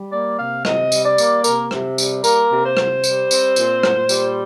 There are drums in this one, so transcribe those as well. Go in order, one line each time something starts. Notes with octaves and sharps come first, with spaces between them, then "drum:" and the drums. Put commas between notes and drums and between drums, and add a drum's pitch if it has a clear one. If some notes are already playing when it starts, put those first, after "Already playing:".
Already playing: G3
A#3 D5
C3 F5
C3 D#5, drum: rim click
G3, drum: tambourine
D5
A#3, drum: tambourine
C3 A#4, drum: tambourine
C3, drum: rim click
G3, drum: tambourine
A#3 A#4, drum: tambourine
C3
C5
C3, drum: rim click
G3, drum: tambourine
C4, drum: tambourine
A#2, drum: tambourine
A#2, drum: rim click
G3, drum: tambourine